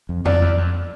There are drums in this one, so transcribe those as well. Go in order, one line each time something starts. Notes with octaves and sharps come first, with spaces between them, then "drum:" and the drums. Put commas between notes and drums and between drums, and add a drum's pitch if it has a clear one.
F2
F2 D5, drum: tom F2
E2
F2